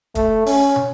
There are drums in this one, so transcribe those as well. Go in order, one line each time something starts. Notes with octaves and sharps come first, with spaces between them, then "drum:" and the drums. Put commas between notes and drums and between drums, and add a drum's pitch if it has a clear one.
A3, drum: kick, hi-hat
C#4, drum: open hi-hat
drum: tom